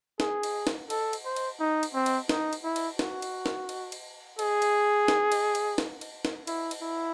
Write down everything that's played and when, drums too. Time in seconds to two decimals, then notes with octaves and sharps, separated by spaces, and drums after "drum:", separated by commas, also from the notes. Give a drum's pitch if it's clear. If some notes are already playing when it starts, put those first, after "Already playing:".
0.20 G#4, drum: snare
0.43 drum: cymbal
0.67 drum: snare
0.90 A4, drum: cymbal
1.13 drum: cymbal
1.25 C5
1.36 drum: cymbal
1.60 D#4
1.83 drum: cymbal
1.94 C4
2.06 drum: cymbal
2.29 D#4, drum: snare
2.53 drum: cymbal
2.64 E4
2.76 drum: cymbal
2.99 F#4, drum: snare
3.22 drum: cymbal
3.46 drum: snare
3.69 drum: cymbal
3.92 drum: cymbal
4.39 G#4, drum: cymbal
4.62 drum: cymbal
5.08 drum: snare
5.32 drum: cymbal
5.55 drum: cymbal
5.78 drum: snare
6.01 drum: cymbal
6.25 drum: snare
6.47 E4, drum: cymbal
6.71 drum: cymbal
6.82 E4